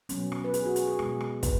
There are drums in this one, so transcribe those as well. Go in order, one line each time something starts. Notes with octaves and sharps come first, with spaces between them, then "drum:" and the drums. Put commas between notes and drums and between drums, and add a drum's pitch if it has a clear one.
B2 F#3 B3 C#4, drum: hi-hat
drum: rim click
B4
G#4, drum: hi-hat
F#4
G#4, drum: hi-hat
G#4
B2 G#3 B3, drum: rim click
drum: rim click
B4, drum: kick, hi-hat